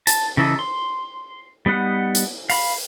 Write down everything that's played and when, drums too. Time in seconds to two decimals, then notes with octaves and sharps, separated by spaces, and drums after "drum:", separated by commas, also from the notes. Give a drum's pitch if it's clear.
0.07 A5, drum: hi-hat
0.37 C#3 E3 D#4 A4
0.59 C6
1.66 G3 B3 D#4 F#5
2.15 drum: hi-hat
2.50 F5 B5, drum: open hi-hat